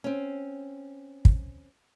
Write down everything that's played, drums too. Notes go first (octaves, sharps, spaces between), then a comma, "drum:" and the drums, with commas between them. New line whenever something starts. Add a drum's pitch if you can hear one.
C4 C#4
drum: kick